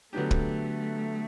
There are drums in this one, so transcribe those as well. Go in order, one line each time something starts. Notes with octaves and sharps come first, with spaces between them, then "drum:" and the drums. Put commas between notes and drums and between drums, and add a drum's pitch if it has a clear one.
D3 F#3 A3 B3 D4 G4
drum: kick